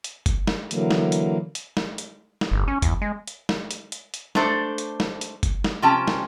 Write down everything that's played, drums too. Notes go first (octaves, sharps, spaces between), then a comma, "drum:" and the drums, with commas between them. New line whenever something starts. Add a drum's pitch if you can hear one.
drum: hi-hat
drum: kick, hi-hat
drum: snare
D3 E3 F#3 A#3, drum: hi-hat
drum: snare
drum: hi-hat
drum: hi-hat
drum: snare
drum: hi-hat
drum: snare
G1
C#4
E2, drum: kick, hi-hat
G#3
drum: hi-hat
drum: snare
drum: hi-hat
drum: hi-hat
drum: hi-hat
A3 D4 A4 C5 D5, drum: snare
drum: hi-hat
drum: snare
drum: hi-hat
drum: kick, hi-hat
drum: snare
C3 F3 C#4 G5 A5 A#5
drum: snare